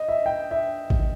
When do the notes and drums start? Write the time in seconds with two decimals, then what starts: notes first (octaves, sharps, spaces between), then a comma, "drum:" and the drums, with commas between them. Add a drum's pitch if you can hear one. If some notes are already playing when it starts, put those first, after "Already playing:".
Already playing: D#5
0.09 E5
0.26 G5
0.51 E5
0.90 drum: kick A1